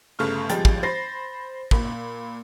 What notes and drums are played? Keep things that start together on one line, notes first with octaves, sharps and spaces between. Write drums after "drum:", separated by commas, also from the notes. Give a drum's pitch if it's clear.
G1 C#3 A3 C#6 F6
G#1 F3 G3 G#3 G5 A6, drum: hi-hat
drum: kick
C5 B5 A6 A#6 C7
A#2 B5, drum: kick